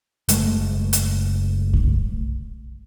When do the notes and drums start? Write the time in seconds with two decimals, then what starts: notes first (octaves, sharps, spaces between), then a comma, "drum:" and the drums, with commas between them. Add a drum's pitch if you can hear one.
0.29 F#1 G#3 A3, drum: hi-hat
0.93 drum: hi-hat
1.74 drum: kick